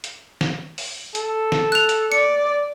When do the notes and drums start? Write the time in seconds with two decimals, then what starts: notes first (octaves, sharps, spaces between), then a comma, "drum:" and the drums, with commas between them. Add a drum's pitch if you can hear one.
0.04 drum: hi-hat
0.41 drum: snare
0.78 drum: open hi-hat
1.15 A4, drum: hi-hat
1.52 drum: snare
1.72 F#6 F7
1.89 drum: hi-hat
2.12 D5 C#7